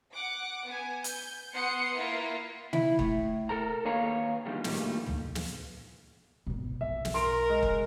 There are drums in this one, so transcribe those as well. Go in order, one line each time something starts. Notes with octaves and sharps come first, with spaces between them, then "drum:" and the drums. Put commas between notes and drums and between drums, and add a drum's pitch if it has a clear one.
F#5 D6
B3 G#5
G6, drum: hi-hat
B3 F#5 C6 D#6 C7 C#7
A#3 E4 F4 A#4
E4, drum: tom B2
A2, drum: kick
A4 A#4 A#5
D#2 A#3 B4 C#5 F5 A#5
B2 D3 D#3 F3 G3 G#3
G2 A#2 D#3 F3 G3 A3, drum: snare
drum: tom
drum: snare
G#1 B2
B1 E5
drum: snare
A#4 C6 D7
G#3
drum: kick